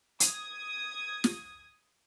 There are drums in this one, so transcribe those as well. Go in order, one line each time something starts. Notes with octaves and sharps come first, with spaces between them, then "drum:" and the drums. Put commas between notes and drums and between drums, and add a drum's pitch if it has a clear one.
D#6 G#6, drum: hi-hat
drum: snare